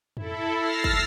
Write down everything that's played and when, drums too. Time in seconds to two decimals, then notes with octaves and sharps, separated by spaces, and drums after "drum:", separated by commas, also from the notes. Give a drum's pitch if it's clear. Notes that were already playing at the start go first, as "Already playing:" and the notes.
0.17 E4 A4, drum: tom
0.56 E6 F6 A6 A#6 C7
0.84 drum: kick